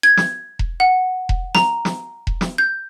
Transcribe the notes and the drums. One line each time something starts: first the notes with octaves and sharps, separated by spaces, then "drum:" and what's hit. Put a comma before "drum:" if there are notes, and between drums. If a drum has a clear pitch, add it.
G#6
drum: snare
drum: kick E1
F#5
drum: kick E1
A#5, drum: snare
drum: snare
drum: kick E1
drum: snare
G6